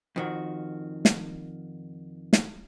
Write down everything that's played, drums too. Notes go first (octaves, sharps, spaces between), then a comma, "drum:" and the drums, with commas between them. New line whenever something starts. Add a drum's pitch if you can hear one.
F2 D#3 F#4
drum: snare
drum: snare